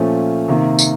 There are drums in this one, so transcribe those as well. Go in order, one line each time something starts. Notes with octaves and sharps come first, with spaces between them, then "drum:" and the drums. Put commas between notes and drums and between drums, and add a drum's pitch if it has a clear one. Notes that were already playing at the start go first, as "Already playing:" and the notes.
Already playing: A#2 F3 A3 C#4
C3 D#3 A#3
drum: tambourine